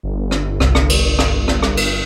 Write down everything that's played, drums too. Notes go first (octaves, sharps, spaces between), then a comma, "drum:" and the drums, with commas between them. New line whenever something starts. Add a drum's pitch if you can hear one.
G1
drum: rim click
C2, drum: rim click
drum: rim click
drum: cymbal
drum: rim click
drum: rim click
drum: rim click
drum: cymbal